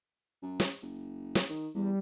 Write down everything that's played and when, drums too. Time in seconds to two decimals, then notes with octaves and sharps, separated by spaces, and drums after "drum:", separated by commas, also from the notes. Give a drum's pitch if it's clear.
0.42 F#2
0.60 drum: snare
0.82 F#1
1.35 drum: snare
1.50 D#3
1.75 E2 G3